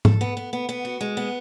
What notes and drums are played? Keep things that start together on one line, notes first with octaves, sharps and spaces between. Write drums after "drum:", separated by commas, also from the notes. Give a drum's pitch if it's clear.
A4, drum: tom G#2
B3
B3
B3
B3
F#4
G#3
B3